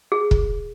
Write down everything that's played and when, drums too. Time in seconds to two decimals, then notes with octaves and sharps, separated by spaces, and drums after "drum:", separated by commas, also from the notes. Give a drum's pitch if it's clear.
0.12 G#4
0.31 drum: kick